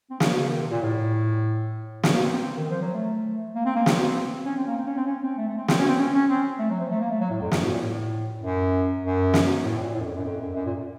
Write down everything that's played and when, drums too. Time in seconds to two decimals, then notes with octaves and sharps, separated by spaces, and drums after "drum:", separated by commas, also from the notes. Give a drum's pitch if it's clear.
0.11 C4
0.20 A#3, drum: snare
0.40 C#3
0.50 D#3
0.61 C3
0.70 A#2
0.81 A2
2.03 C#3, drum: snare
2.13 A#3
2.23 C4
2.33 C4
2.57 D#3
2.70 F3
2.82 F#3
2.94 A3
3.55 A#3
3.65 C4
3.75 A#3
3.86 C4, drum: snare
4.46 C#4
4.57 C4
4.67 A#3
4.77 C4
4.87 C#4
4.97 C4
5.07 C#4
5.23 C4
5.38 A3
5.48 A3
5.57 C4
5.68 C4, drum: snare
5.78 C#4
5.88 C4
5.99 C#4
6.14 C#4
6.29 C4
6.59 A3
6.70 F#3
6.80 F3
6.90 A3
7.01 A#3
7.10 A3
7.20 F#3
7.30 A2
7.41 F2
7.52 F#2, drum: snare
7.61 A2
7.72 A#2
7.82 A2
8.42 F#2
9.03 F#2
9.34 drum: snare
9.64 A2
9.79 A#2
9.94 A2
10.01 F#2
10.04 F2
10.15 F#2
10.25 F2
10.40 F#2
10.55 F#2
10.65 A#2